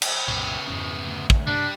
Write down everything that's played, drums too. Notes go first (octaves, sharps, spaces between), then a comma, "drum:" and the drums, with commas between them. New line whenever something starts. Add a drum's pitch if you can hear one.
G5 B5, drum: cymbal
C2 F#2 A#2 C#3 B3
F2 G#2 B2 E3 C#4
D2
drum: kick
G2 C3 G3 D4